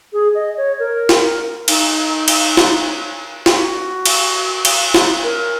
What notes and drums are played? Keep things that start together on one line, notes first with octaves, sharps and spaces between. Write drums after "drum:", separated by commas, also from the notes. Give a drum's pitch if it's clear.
G#4
D#5
C#5
A#4
drum: snare
D#4, drum: cymbal
drum: cymbal
drum: snare
F#4, drum: snare
drum: cymbal
drum: cymbal
drum: snare
A#4